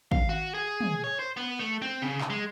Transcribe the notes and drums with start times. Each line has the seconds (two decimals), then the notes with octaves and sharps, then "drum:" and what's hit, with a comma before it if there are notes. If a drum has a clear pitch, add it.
0.12 F5, drum: kick
0.29 F#4
0.54 G#4
0.81 drum: tom
1.04 C#5
1.19 C5
1.37 B3
1.59 A3
1.82 C4
2.02 C#3
2.21 drum: clap
2.30 G#3